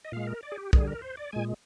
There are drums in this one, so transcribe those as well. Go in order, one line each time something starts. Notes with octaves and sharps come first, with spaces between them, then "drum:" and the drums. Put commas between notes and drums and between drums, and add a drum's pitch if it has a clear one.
D#5
A#2 G#3 F5
A#4
D5
G#4
G4
D3 G3 G#4, drum: kick
A#4
C5
D5
A#2 G#3 G#5